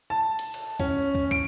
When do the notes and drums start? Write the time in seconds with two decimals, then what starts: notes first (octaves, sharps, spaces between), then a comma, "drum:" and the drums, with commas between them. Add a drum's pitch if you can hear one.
0.10 A5
0.39 drum: hi-hat
0.54 drum: cymbal
0.80 C#4, drum: kick
1.15 drum: kick
1.31 D7, drum: kick